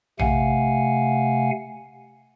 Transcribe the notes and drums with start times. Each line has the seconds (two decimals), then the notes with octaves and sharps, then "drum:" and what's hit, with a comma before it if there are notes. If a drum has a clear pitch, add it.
0.19 C3 A3 F5 F#5 G#5, drum: tom A#1